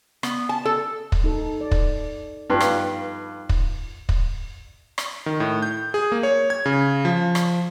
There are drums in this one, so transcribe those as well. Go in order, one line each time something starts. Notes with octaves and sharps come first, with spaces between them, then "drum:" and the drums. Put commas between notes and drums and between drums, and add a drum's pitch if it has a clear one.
B3, drum: rim click
A5
A4
drum: kick
D#4 A4
D5
drum: kick
G2 B3 D#4 F4
drum: rim click
drum: kick
drum: kick
drum: rim click
D#3
A2
G6
G#4
A#3
C#5
G#6
C#3
F3
drum: rim click